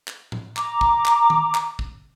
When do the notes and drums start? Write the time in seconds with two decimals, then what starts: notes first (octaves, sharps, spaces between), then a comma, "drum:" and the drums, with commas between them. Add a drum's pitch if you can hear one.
0.08 drum: clap
0.32 drum: tom A2
0.57 A#5 D6, drum: clap
0.81 drum: kick
1.06 drum: clap
1.30 drum: tom D#3
1.54 drum: clap
1.79 drum: kick